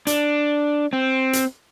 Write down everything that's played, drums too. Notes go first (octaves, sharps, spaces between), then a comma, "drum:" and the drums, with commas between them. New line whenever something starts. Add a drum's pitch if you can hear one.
D4, drum: hi-hat
C4
drum: hi-hat